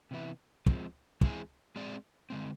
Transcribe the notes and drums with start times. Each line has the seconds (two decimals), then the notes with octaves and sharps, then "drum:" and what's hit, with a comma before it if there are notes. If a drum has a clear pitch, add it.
0.11 C3 E3 B3 E4
0.66 F3 G#3 C4, drum: kick
1.21 E3 G#3 C4 E4 G#4, drum: kick
1.76 G#3 C4 G#4 D5
2.30 D3 G#3 C4